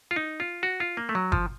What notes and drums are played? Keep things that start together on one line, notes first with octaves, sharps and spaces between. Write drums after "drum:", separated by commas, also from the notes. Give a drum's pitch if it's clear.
F4
D#4
F4
F#4
F4
A#3
A3
F#3
F3, drum: kick G1